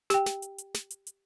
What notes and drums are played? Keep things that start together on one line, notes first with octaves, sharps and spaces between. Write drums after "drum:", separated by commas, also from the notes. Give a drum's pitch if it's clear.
G4 G5, drum: snare
drum: snare
drum: hi-hat
drum: hi-hat
drum: snare
drum: hi-hat
drum: hi-hat